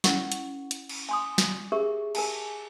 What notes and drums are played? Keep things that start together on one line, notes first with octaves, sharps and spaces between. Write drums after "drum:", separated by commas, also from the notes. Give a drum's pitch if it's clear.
C#4 E4 A#4 F#5 C#6, drum: snare
drum: hi-hat
drum: hi-hat
drum: cymbal
G#5 C6 D#6
drum: snare
G4 G#4 A#4 E5 C#6
A#4 G#5 A5, drum: cymbal